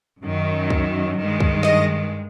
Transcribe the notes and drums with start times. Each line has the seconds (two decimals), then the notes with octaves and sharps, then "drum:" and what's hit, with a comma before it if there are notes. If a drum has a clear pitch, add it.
0.23 F#2 D#3 F#3
0.70 drum: kick
1.17 G2 D#3 G#3
1.40 drum: kick
1.63 D#5, drum: snare